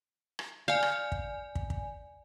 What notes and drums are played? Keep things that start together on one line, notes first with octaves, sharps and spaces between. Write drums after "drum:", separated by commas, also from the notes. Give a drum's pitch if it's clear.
drum: rim click
D5 F5 G#5
drum: rim click
drum: kick
drum: kick
drum: kick